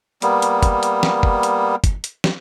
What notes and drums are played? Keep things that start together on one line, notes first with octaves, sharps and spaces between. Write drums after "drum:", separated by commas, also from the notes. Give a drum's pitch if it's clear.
G3 A#3 B3, drum: hi-hat
drum: hi-hat
drum: kick G1, hi-hat
drum: hi-hat
drum: snare
drum: kick G1
drum: hi-hat
drum: kick G1, hi-hat
drum: hi-hat
drum: snare